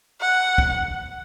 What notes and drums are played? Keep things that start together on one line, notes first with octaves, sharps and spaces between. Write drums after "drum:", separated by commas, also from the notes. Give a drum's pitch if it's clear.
F#5
drum: kick